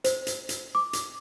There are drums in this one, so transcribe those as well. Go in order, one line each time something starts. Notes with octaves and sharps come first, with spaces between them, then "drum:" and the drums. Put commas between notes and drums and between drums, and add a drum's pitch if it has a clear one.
C5, drum: hi-hat
drum: hi-hat
drum: hi-hat
D6
drum: hi-hat